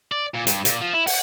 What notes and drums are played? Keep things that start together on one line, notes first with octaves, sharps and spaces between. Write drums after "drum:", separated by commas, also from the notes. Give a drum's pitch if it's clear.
D5
A#2
G2, drum: hi-hat
A#2, drum: hi-hat
F3
E4
F#5, drum: open hi-hat